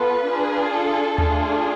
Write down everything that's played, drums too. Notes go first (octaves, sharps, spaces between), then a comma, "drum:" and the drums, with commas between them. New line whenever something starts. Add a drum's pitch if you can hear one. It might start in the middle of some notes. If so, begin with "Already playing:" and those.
Already playing: B3 F4 A4 B4
D4 F4 G#4
A4
A3 D4 F4 G#4, drum: tom D#2